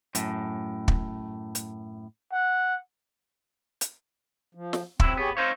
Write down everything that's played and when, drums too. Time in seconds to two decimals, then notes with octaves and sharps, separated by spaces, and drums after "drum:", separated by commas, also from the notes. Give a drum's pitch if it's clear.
0.15 F#2 A2, drum: hi-hat
0.88 drum: kick
1.55 drum: hi-hat
2.33 F#5
3.81 drum: hi-hat
4.55 F3
4.73 drum: snare
5.00 F#3 C4 E4, drum: kick
5.17 B3 G4 G#4 C#5
5.37 C4 D#4 C5 C#5 F5